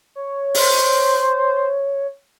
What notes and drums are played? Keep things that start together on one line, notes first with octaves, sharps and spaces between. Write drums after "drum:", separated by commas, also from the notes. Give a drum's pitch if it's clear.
C#5
C5, drum: open hi-hat